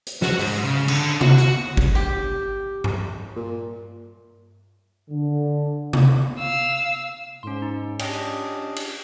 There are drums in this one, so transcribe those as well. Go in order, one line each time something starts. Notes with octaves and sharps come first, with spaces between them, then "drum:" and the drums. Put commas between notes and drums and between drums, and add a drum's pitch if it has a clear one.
drum: hi-hat
F#4, drum: snare
G#2, drum: open hi-hat
C#3
D3, drum: cymbal
F#4, drum: tom C3
F#4, drum: hi-hat
drum: kick G#1
G4
drum: tom G2
A#2
D3
drum: tom C3
F5 E6
G#2 C#4 C6
D#4
C#4 D4 G4 D#5 G5, drum: cymbal
drum: cymbal